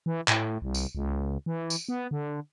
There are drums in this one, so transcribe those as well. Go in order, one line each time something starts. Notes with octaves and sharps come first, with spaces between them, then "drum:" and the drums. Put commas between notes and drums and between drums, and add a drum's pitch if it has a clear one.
E3
A2, drum: clap
C2
drum: tambourine
C#2
E3
drum: tambourine
B3
D3